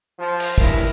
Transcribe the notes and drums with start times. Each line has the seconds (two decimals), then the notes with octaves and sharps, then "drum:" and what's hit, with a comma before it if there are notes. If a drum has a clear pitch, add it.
0.19 F3
0.40 drum: cymbal
0.58 C#2 G2 G#3 E4 A#4, drum: kick